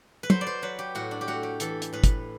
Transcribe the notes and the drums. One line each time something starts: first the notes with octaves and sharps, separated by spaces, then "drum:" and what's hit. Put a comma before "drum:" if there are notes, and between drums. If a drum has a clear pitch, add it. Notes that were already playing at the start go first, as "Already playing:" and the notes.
B4
F#3 C5, drum: tom
D5
C5
F#3 B4
G4
A2 F#4
D4
G4
A3 F#4
G4
E3 A4, drum: hi-hat
drum: hi-hat
A2 B4
drum: kick, hi-hat